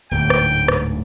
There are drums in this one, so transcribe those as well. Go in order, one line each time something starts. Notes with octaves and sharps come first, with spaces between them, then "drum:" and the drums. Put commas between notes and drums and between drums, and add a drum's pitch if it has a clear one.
D1 D2 G#2 G5
drum: rim click
drum: rim click